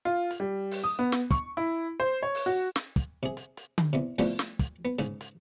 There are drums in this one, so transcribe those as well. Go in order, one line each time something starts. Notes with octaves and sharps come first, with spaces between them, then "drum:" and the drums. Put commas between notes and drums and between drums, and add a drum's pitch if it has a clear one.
F4
drum: hi-hat
G3
drum: open hi-hat
D#6
B3
drum: snare
C#6, drum: kick, hi-hat
E4
C5
C#5
drum: open hi-hat
F#4
drum: snare
drum: kick, hi-hat
C3 G#4
drum: hi-hat
drum: hi-hat
drum: tom D3
E2 C3
E2 C3 F3 G3 A3, drum: open hi-hat
drum: snare
drum: kick, hi-hat
B3
G#2 C#3, drum: hi-hat
drum: hi-hat